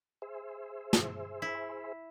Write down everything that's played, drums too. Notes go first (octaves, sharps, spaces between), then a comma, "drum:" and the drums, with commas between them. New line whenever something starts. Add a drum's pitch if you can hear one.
G#4 C5 E5
drum: snare
E4